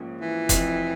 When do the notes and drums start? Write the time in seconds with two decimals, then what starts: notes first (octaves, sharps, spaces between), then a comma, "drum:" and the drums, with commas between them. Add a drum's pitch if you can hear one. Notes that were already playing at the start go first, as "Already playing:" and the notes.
Already playing: A#1 G#2 F3 A#3 C#4
0.21 E3
0.49 F1 F2 C3, drum: kick F1, hi-hat